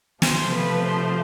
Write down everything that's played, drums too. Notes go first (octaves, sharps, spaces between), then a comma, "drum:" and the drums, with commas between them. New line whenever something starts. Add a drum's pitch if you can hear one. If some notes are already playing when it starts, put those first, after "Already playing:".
C3 F3 A3 C5, drum: snare
B4
C5